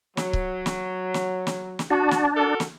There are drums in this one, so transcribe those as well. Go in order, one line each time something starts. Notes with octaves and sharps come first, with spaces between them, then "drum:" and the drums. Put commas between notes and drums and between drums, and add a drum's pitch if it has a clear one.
F#3, drum: snare
drum: kick C#1
drum: snare
drum: snare
drum: snare
drum: snare
D4 F#4
drum: snare
F#4 A4 A#4
drum: snare